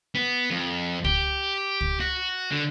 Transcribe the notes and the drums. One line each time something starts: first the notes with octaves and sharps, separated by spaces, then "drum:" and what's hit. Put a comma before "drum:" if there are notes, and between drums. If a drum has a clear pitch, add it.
B3
F2
G4, drum: kick
drum: kick
F#4
D3